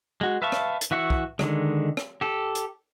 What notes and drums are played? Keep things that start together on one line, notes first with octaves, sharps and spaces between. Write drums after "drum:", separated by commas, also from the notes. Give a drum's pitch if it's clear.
G#3 F#4
B4 E5 F5 A5 C#6
drum: rim click
drum: hi-hat
E3 F#4 E5 C#6
drum: kick
D3 D#3 F#3 G#3, drum: rim click
drum: rim click
G4 A4
drum: hi-hat